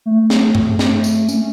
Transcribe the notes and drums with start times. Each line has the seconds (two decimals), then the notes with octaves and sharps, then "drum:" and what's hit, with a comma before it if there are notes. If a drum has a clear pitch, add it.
0.06 A3
0.30 drum: snare
0.55 drum: tom G2
0.79 drum: snare
1.04 drum: tambourine
1.29 C#4, drum: tambourine